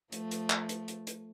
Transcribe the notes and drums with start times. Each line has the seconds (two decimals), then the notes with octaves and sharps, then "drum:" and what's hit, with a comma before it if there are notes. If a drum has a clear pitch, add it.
0.12 F3 A3, drum: hi-hat
0.31 drum: hi-hat
0.50 drum: clap
0.69 drum: hi-hat
0.88 drum: hi-hat
1.07 drum: hi-hat